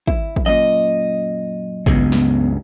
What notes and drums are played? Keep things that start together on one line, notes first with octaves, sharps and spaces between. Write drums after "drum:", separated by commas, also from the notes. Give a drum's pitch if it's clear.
E4, drum: kick
drum: kick
F#2 A#2 D#5
C#2 G2 C#3 B3, drum: kick
drum: snare